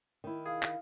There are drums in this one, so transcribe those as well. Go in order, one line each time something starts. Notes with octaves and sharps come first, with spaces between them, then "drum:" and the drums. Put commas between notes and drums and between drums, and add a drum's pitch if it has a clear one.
D#3 E4
G#4 F5
drum: clap